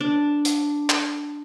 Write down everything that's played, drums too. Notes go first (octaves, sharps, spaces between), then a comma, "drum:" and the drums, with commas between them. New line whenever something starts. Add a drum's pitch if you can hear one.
D4
drum: hi-hat
drum: clap